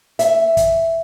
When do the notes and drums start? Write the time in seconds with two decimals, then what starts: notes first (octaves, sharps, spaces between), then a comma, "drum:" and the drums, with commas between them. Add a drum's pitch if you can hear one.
0.19 E5, drum: hi-hat
0.57 drum: kick, hi-hat